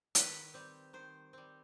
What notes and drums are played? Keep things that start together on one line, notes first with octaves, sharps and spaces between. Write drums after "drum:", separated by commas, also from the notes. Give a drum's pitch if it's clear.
D#3 B4, drum: hi-hat
G3 C4
D#3 C5
G3 C4